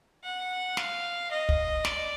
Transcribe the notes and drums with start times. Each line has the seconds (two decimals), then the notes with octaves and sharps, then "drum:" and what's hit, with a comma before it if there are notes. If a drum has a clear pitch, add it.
0.24 F#5
0.77 F5, drum: snare
1.31 D#5
1.49 drum: kick
1.85 D5, drum: snare